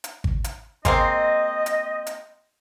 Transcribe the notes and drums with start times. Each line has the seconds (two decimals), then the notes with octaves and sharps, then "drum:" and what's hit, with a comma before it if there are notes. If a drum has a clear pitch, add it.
0.04 drum: hi-hat
0.24 drum: kick G#1
0.44 drum: hi-hat
0.85 G#3 A#3 C4 D#5, drum: kick G#1, hi-hat
1.66 drum: hi-hat
2.07 drum: hi-hat